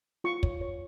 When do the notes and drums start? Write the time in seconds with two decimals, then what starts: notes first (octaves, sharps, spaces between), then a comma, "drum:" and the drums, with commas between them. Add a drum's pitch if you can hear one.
0.24 F4 C#6
0.43 C#5, drum: kick
0.61 C#5